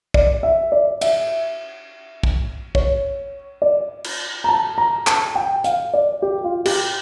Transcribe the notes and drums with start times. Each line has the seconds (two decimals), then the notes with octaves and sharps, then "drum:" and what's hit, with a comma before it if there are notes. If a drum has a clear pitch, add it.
0.14 D5, drum: kick
0.43 E5
0.72 D5
1.01 E5, drum: cymbal
2.23 drum: kick
2.75 C#5, drum: kick
3.62 D5
4.04 drum: cymbal
4.44 A#5
4.49 A5
4.78 A#5
5.07 A5, drum: clap
5.35 G5
5.64 F5, drum: hi-hat
5.94 D5
6.22 G4
6.44 F4
6.66 G4, drum: cymbal